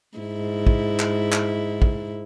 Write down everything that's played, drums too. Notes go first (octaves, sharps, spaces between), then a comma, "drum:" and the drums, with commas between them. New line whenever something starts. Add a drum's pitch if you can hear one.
G#2 E4
drum: kick
drum: clap
drum: clap
drum: kick